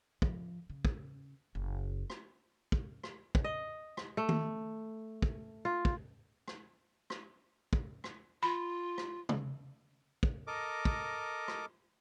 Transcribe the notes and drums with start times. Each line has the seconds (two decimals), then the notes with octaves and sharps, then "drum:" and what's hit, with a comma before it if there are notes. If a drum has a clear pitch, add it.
0.22 F3, drum: kick
0.70 C#3
0.85 drum: kick
1.55 F#1
2.10 drum: rim click
2.72 drum: kick
3.04 drum: rim click
3.35 drum: kick
3.44 D#5
3.97 drum: rim click
4.17 A3
4.29 drum: tom D#3
5.22 drum: kick
5.65 F4
5.85 drum: kick
6.48 drum: rim click
7.10 drum: rim click
7.73 drum: kick
8.04 drum: rim click
8.43 F4 B5
8.98 drum: rim click
9.29 drum: tom
10.23 drum: kick
10.47 A4 A#4 D#5 D6
10.85 drum: kick
11.48 drum: rim click